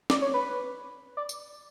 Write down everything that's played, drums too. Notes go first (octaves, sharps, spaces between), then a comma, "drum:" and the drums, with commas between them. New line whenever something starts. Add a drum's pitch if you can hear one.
D5, drum: snare
C#5
B4
D5
drum: tambourine